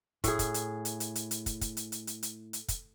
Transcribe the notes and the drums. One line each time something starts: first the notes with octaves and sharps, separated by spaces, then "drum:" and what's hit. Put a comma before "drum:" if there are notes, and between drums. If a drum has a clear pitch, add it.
A2 G#4, drum: kick, hi-hat
drum: kick, hi-hat
drum: hi-hat
drum: hi-hat
drum: hi-hat
drum: hi-hat
drum: hi-hat
drum: kick, hi-hat
drum: kick, hi-hat
drum: hi-hat
drum: hi-hat
drum: hi-hat
drum: hi-hat
drum: hi-hat
drum: kick, hi-hat